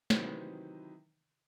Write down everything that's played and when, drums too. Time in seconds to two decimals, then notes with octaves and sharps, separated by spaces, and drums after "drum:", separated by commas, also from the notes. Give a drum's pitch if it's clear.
0.10 C3 D#3 E3 F#3 B4 C5, drum: snare